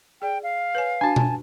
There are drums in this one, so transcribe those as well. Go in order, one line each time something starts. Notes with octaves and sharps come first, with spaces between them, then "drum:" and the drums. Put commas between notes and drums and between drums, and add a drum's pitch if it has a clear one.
G#4 D5 G5
F5
B4 C#5 G#5
D4 F#4 G#5 A5
drum: tom B2